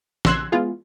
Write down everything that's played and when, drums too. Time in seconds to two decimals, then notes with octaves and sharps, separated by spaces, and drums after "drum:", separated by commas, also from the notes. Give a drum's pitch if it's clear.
0.25 A#1 C#3 C6 E6 F#6 G#6, drum: snare
0.52 G#3 B3 E4 F4 G#4